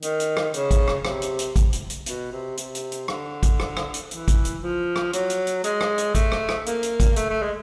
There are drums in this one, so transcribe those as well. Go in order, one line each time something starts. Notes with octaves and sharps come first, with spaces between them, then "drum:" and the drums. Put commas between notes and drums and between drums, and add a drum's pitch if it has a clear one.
D#3, drum: hi-hat
drum: hi-hat
drum: rim click
C#3, drum: hi-hat
drum: kick A1, hi-hat
drum: rim click
C3, drum: rim click
drum: hi-hat
drum: hi-hat
drum: kick A1, hi-hat
drum: hi-hat
drum: hi-hat
B2, drum: hi-hat
C3
C3, drum: hi-hat
drum: hi-hat
drum: hi-hat
D3, drum: rim click
drum: kick A1, hi-hat
drum: rim click
drum: rim click
drum: hi-hat
E3, drum: hi-hat
drum: kick A1, hi-hat
drum: hi-hat
F3
drum: rim click
F#3, drum: hi-hat
drum: hi-hat
drum: hi-hat
G#3, drum: hi-hat
drum: rim click
drum: hi-hat
A3, drum: kick A1, hi-hat
drum: rim click
drum: rim click
A#3, drum: hi-hat
drum: hi-hat
drum: kick A1, hi-hat
A3, drum: hi-hat
A3
G#3